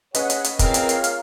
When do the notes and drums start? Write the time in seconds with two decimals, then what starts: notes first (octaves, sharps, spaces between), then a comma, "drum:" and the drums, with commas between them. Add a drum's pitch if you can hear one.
0.15 C#4 G#4 B4 C#5 D#5 F#5, drum: hi-hat
0.30 drum: hi-hat
0.44 drum: hi-hat
0.59 C4 F4 G#4 A#4 C#5 F5, drum: kick, hi-hat
0.74 drum: hi-hat
0.89 drum: hi-hat
1.04 drum: hi-hat